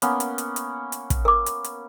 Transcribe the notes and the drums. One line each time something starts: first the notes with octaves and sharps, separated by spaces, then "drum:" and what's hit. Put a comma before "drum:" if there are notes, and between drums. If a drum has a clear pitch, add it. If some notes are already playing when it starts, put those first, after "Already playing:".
A#3 B3 C#4, drum: hi-hat
drum: hi-hat
drum: hi-hat
drum: hi-hat
drum: hi-hat
drum: kick, hi-hat
A#4 D6
drum: hi-hat
drum: hi-hat